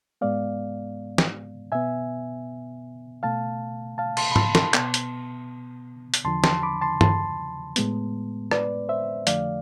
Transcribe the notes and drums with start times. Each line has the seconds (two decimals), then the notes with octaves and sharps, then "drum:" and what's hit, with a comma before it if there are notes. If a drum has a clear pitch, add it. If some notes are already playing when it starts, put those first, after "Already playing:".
0.21 G#2 G#3 B3 D5 F5
1.18 drum: snare
1.72 B2 B3 E5 G#5
3.23 B2 A3 F5 A5
3.98 F5 A5
4.17 A5 C6, drum: cymbal
4.32 B5
4.36 A5 C6, drum: tom
4.55 A5 C6, drum: snare
4.74 B2 B3, drum: clap
4.94 drum: hi-hat
6.14 drum: hi-hat
6.24 E2 D3 F3 A5 C6
6.44 A5 C6, drum: snare
6.63 B5 D6
6.81 A5 C6
7.01 A5 C6, drum: tom G2
7.76 A2 G#3 B3, drum: hi-hat
8.51 B4 D5, drum: rim click
8.89 C5 E5
9.27 F2 D3 F3 A3 D5 F5, drum: hi-hat